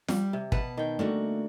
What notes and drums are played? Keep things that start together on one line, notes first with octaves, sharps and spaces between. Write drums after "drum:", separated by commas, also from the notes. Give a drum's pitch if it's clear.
G3, drum: snare F4
C3
B2 B4 F#5 A5, drum: kick
D#3 G5
D3 A3 A#3 F#4